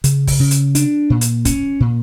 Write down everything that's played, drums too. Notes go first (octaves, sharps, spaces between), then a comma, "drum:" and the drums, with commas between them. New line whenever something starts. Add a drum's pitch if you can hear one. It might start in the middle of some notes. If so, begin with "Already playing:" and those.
C#3, drum: hi-hat
drum: kick, open hi-hat
C#3
drum: hi-hat
D4, drum: hi-hat
A#2
drum: hi-hat
C#4, drum: kick, hi-hat
A#2